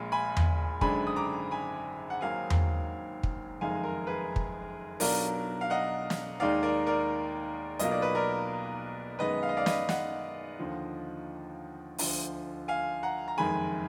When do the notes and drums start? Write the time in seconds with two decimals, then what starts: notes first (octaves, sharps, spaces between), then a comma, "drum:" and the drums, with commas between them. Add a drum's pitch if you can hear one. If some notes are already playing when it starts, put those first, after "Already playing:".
Already playing: A#1 A#2 G#3 B5
0.12 G#5 B5
0.37 drum: tom E2
0.81 G#1 F#2 D3 G#3 D4 G#5 B5, drum: kick
1.07 D#6
1.16 A#5 D6
1.51 G#5 B5
2.10 F#5
2.21 G#1 G#2 F#3 A#3 F5 G#5
2.50 drum: tom E2
3.23 drum: kick
3.61 F#1 F2 D#3 G#3 D#4 F5 G#5
3.84 A#4
4.07 G#4 B4
4.36 drum: kick
5.00 B1 B2 F#3 D4 F4 A#4 D5, drum: open hi-hat
5.61 F5
5.70 D#5 F#5
6.10 drum: snare
6.40 D#2 D#3 G#3 D#4 D5 F5
6.63 A#4 D5
6.87 A#4 D5
7.79 B1 B2 A#3 F4 D#5, drum: hi-hat
7.91 D5
8.02 B4
8.15 A#4 D5
9.19 F#2 D#3 G#3 B3 B4 D#5
9.43 F5
9.49 D#5
9.57 D5 F5
9.66 B4 D#5, drum: snare
9.89 D#5 F#5, drum: snare
10.59 D#2 D3 F3
11.98 D2 D3 F3, drum: open hi-hat
12.68 F5 G#5
13.03 F#5 A#5
13.28 A#5
13.38 F#1 F2 D#3 G#3 G#5 B5